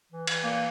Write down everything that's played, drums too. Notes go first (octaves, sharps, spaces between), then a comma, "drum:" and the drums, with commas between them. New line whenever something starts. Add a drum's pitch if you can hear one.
E3
E3, drum: cymbal
A#2 A#3